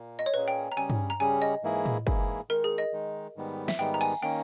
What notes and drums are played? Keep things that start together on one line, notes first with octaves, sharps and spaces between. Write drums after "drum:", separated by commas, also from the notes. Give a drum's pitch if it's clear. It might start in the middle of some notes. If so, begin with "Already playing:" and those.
Already playing: A#2 A#3
D#5
C#5
A#2 A#3 C#4 G#4 B4
G5
A#5
C#3 G3 C#4 G#4 G#5
drum: tom G2
A#5
C#3 G3 C#4 G#4 G#5
D#5
G#2 E3 A#3 E4 G#4
drum: tom A2
G#2 E3 A#3 E4 G#4, drum: kick
D#3 G#3 D#4 A#4
G#4
D#5
D#3 G#3 D#4
G#2 D#3 G3 B3
E5, drum: snare
G#2 D#3 G3 B3 G5
A#5
G#5, drum: cymbal
D#3 A#3 C#4 G5